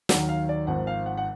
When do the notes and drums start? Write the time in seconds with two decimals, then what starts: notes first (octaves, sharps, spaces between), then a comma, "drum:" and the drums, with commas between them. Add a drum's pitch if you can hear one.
0.09 D#2 D#3 F#3 F#5, drum: snare
0.29 F5
0.49 D5
0.67 G#1 G#2 F3 F#5
0.87 F5
1.06 F#5
1.17 F#5